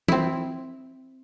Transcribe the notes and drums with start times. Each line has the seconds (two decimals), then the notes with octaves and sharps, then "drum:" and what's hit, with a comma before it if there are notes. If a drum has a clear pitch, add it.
0.08 C4 E4, drum: tom E3